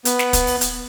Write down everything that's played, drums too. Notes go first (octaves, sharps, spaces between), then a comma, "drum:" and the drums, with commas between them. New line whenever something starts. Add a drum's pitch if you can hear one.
B3, drum: hi-hat
drum: snare
drum: kick, hi-hat
drum: open hi-hat
drum: hi-hat